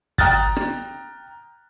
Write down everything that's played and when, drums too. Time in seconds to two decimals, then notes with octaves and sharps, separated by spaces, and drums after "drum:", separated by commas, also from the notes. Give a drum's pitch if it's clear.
0.18 G5 A#5 D#6 F6 F#6 A6, drum: kick
0.56 drum: rim click